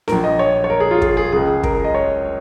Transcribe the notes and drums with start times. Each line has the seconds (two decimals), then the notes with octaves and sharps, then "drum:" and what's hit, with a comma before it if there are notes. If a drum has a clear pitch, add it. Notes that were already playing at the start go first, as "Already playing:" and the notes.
0.08 A#1 A#2 A#4, drum: snare D4
0.24 D#5
0.39 C#5
0.64 C#5
0.70 A#4
0.80 G#4
0.91 F4
1.02 G#4, drum: kick
1.17 G#4
1.33 C#2 C#3 G#4
1.63 A#4, drum: kick
1.74 A#4
1.84 D#5
1.94 C#5